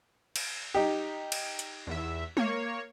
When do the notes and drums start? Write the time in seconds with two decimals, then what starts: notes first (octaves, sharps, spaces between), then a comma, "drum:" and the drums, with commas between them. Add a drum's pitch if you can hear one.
0.36 drum: cymbal
0.74 D#4 G4
1.32 drum: cymbal
1.59 drum: hi-hat
1.87 E2 E5
2.37 A#3 C#5, drum: tom G#3